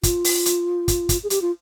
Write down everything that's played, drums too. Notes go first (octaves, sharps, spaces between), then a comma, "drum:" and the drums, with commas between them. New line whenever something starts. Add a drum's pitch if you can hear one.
F4, drum: kick, hi-hat
drum: open hi-hat
drum: hi-hat
drum: kick, hi-hat
drum: kick, hi-hat
G#4
G4, drum: hi-hat
F4